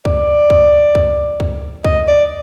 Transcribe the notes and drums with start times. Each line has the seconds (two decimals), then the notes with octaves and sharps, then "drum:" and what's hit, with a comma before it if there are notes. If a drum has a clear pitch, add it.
0.05 D5, drum: kick C#2
0.50 drum: kick C#2
0.95 drum: kick C#2
1.40 drum: kick C#2
1.84 D#5, drum: kick C#2
2.08 D5